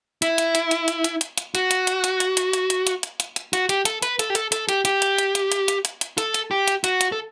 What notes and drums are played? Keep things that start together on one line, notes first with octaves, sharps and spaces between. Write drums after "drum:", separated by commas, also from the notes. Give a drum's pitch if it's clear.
E4, drum: hi-hat
drum: hi-hat
drum: hi-hat
drum: hi-hat
drum: hi-hat
drum: hi-hat
drum: hi-hat
drum: hi-hat
F#4, drum: hi-hat
drum: hi-hat
drum: hi-hat
drum: hi-hat
drum: hi-hat
drum: hi-hat
drum: hi-hat
drum: hi-hat
drum: hi-hat
drum: hi-hat
drum: hi-hat
drum: hi-hat
F#4, drum: hi-hat
G4, drum: hi-hat
A4, drum: hi-hat
B4, drum: hi-hat
A4, drum: hi-hat
G4
A4, drum: hi-hat
A4, drum: hi-hat
G4, drum: hi-hat
G4, drum: hi-hat
drum: hi-hat
drum: hi-hat
drum: hi-hat
drum: hi-hat
drum: hi-hat
drum: hi-hat
drum: hi-hat
A4, drum: hi-hat
drum: hi-hat
G4
drum: hi-hat
F#4, drum: hi-hat
drum: hi-hat
A4